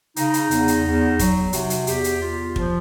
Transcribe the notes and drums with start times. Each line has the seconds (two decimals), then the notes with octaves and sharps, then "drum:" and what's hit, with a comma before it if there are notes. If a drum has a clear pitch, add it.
0.16 C#3 D#4, drum: hi-hat
0.34 drum: hi-hat
0.51 E2, drum: hi-hat
0.68 drum: hi-hat
0.85 E2
1.19 F#3, drum: kick, hi-hat
1.53 C3 F#4, drum: hi-hat
1.70 drum: hi-hat
1.87 E2 G4, drum: hi-hat
2.04 drum: hi-hat
2.21 E2 F4
2.56 F3, drum: kick